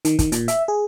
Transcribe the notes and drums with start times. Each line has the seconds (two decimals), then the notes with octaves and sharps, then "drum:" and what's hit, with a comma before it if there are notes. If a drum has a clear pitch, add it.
0.05 D#3, drum: hi-hat
0.19 D#3, drum: kick, hi-hat
0.32 A#2, drum: hi-hat
0.48 E5, drum: hi-hat
0.68 G#4